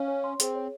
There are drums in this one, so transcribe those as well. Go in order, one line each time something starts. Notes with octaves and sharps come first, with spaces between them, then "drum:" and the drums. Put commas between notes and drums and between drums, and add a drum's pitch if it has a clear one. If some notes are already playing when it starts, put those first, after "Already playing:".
Already playing: C#4 F5
C#5
C6
C4 G#4, drum: hi-hat
C#5